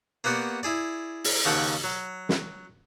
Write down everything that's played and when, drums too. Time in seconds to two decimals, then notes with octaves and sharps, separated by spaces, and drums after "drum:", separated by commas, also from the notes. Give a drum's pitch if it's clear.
0.24 A#3 B3 F#4 G4 D5
0.63 E4 G#4 D5
1.24 drum: open hi-hat
1.45 D#2 C#3 A#4 F#5 G5 A5
1.84 F#3
2.29 drum: snare